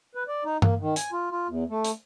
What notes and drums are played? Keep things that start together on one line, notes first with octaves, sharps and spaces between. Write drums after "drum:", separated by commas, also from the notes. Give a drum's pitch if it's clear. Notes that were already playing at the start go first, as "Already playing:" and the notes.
B4
D5
D#4
A#3, drum: tom G2
D#3
G#5, drum: hi-hat
F4
F4
E2
A3
drum: hi-hat